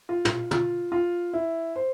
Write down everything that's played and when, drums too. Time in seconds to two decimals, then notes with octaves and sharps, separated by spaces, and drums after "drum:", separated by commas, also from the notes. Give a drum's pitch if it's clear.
0.09 F4
0.25 drum: tom
0.51 F4, drum: tom
0.92 F4
1.34 E4
1.76 C5